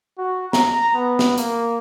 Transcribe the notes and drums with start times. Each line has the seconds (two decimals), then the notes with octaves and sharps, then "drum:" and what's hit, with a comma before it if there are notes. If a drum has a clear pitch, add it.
0.18 F#4
0.53 A#5, drum: snare
0.95 B3
1.19 drum: snare
1.38 A#3, drum: hi-hat